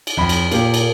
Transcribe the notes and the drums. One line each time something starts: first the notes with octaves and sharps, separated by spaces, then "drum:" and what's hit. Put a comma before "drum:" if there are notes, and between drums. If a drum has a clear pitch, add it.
drum: cymbal
F2 B5
drum: cymbal
A#2 A#3 G4, drum: cymbal
drum: cymbal